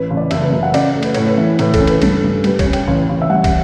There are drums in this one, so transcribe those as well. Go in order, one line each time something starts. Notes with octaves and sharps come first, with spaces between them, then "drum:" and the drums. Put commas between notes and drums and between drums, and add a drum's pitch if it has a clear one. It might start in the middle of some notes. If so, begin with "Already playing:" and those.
Already playing: A1 B4
A1
D5
F#1 E5, drum: cymbal
B4
F#2 B4
F#5
C#3 D5, drum: cymbal
A3
B4, drum: cymbal
A2 C#5, drum: cymbal
B4
E3
A2 B4, drum: cymbal
A4, drum: kick, cymbal
C#4
B4, drum: cymbal
G2 A4, drum: cymbal
G2
G3 B4, drum: cymbal
C#5, drum: kick, cymbal
C#4
G5, drum: cymbal
A1
A1
E5
G3 F#5
drum: kick, cymbal